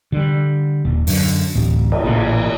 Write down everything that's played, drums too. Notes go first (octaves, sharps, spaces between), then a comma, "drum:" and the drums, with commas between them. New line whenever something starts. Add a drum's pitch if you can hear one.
D3 G3
D#1
F#2 D3, drum: open hi-hat
D1 A1
drum: cymbal
A1 A#2 C#3